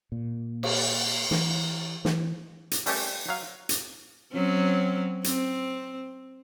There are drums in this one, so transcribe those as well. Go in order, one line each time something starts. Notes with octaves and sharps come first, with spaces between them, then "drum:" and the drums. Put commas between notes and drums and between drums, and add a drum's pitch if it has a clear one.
A#2
drum: cymbal
E3, drum: snare
E3, drum: snare
drum: hi-hat
G3 A3 C#4 G4 A4, drum: open hi-hat
F#3 F5
drum: hi-hat
F#3 C4 C#4
C4, drum: hi-hat